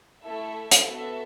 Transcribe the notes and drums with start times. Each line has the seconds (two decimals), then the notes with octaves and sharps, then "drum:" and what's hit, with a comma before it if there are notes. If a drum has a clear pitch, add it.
0.23 A3 E4 A4 E5
0.71 drum: hi-hat
0.87 B3 F#4 A4 E5